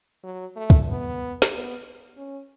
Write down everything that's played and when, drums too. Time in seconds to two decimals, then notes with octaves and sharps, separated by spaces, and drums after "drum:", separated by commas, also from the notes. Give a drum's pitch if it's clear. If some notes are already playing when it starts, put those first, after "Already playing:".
0.24 F#3
0.56 A3
0.70 drum: kick
0.89 B3
1.42 drum: snare
1.53 B3
2.17 C#4